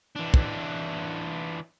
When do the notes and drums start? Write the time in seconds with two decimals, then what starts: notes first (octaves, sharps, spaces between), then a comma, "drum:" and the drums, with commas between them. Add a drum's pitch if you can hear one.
0.16 E3 D4
0.34 drum: kick